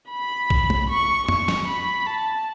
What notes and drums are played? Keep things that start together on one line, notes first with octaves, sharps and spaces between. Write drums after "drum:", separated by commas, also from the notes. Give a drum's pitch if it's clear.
B5
drum: kick B1
drum: tom
C#6
C#6, drum: tom
drum: snare
B5
A5